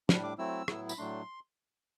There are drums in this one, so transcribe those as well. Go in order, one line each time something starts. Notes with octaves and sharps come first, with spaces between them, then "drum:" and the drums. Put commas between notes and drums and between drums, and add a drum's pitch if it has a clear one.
A2 G3 D4 B5, drum: snare
D6
F#3 A3 C4 E4 E6
A2 F#3 B3 E4, drum: rim click
B5, drum: tambourine
A2 F#3 A3 D4 C6